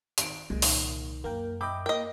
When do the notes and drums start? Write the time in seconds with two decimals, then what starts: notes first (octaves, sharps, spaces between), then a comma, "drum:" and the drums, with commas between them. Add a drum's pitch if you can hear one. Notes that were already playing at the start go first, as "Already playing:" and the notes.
0.18 G#1 D7, drum: hi-hat
0.50 C2 A#2 G#3
0.62 D#3, drum: open hi-hat
1.24 F#2 A#3 A#4 G5
1.61 D#5 E5 G5 B5 D6 G6
1.86 A#3 D#5 G5